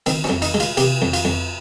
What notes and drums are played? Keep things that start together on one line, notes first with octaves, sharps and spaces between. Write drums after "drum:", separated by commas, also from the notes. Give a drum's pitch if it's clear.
D#3 C4, drum: cymbal
C#4, drum: snare
F2
D#4, drum: cymbal
G#3
F4, drum: cymbal
C3 G4, drum: cymbal
F2
F4, drum: cymbal
F2